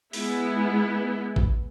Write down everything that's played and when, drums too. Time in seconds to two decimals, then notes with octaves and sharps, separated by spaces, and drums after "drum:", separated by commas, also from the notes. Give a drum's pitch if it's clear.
0.13 G#3 B3 E4, drum: open hi-hat
1.36 drum: kick A1